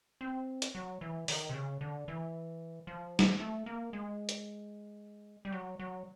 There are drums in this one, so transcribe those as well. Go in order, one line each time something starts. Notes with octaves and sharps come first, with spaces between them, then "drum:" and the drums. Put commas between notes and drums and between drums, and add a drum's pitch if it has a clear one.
C4
drum: hi-hat
F#3
E3
D#3, drum: open hi-hat
C3
C#3
D3
E3
F3
drum: snare
A3
A#3
G#3
drum: hi-hat
G3
F#3
F#3